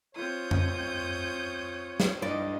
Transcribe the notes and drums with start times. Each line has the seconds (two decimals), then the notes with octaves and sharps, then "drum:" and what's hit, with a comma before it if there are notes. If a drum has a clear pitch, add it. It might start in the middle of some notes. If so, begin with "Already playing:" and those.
0.15 C4 F4 C#5 D#6 G6
0.51 drum: tom F2
2.00 drum: snare
2.22 G2 E4 D5 D#5